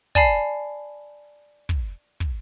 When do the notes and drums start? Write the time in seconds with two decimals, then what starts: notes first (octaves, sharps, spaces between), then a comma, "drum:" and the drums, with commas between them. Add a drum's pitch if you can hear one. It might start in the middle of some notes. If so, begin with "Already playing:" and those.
0.15 D5 G#5 A5 B5 C7, drum: kick
1.69 drum: kick
2.20 drum: kick